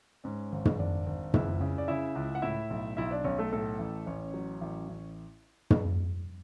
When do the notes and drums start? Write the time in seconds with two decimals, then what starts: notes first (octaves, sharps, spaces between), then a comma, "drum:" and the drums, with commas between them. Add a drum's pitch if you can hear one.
0.24 G#2 C#4 C#5
0.52 G#1
0.65 drum: tom
0.79 G#1 D4 D5
1.07 G#1
1.34 C#2 E4 E5, drum: tom
1.61 C#3
1.78 D5
1.88 C#3 E4 E5
2.15 C#2
2.35 F#5
2.42 A2 E4 E5
2.70 B1
2.97 B1 E4 E5
3.11 D4 D5
3.24 B1 C#4 C#5
3.38 A3 A4
3.52 A2 A3 A4
3.79 A1
4.06 A1 C#4 C#5
4.34 F#3
4.61 A1
4.89 A1
5.70 drum: tom